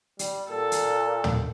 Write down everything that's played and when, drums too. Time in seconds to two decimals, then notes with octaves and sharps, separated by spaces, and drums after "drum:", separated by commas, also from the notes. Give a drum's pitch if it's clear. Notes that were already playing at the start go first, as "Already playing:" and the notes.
0.19 G3, drum: hi-hat
0.49 A#2 A4
0.72 drum: hi-hat
1.24 drum: tom